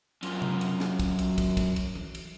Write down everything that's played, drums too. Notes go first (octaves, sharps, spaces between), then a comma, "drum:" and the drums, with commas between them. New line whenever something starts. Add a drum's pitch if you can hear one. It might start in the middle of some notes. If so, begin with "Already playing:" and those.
F#2 F4, drum: cymbal
drum: tom C3
drum: cymbal
drum: snare
drum: kick, cymbal
drum: cymbal
drum: kick, cymbal
drum: kick, cymbal
drum: cymbal
drum: tom E3
drum: cymbal